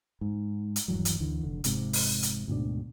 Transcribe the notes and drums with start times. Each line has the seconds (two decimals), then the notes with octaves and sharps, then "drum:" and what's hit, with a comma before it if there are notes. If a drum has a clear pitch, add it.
0.21 G#2
0.76 drum: hi-hat
0.88 D#1 G2 E3 F#3
1.05 drum: hi-hat
1.20 D2 D3 E3
1.43 F1 D3
1.64 F1 G#2 C3, drum: hi-hat
1.93 drum: open hi-hat
2.23 drum: hi-hat
2.48 D2 G#2 B2 D4